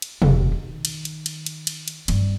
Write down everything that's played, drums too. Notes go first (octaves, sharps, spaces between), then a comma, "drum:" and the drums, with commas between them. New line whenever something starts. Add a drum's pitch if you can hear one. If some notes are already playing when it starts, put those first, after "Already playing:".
drum: cymbal
F1 D#2, drum: tom
D#3
drum: cymbal
drum: cymbal
drum: cymbal
drum: cymbal
drum: cymbal
drum: cymbal
G2 G3, drum: cymbal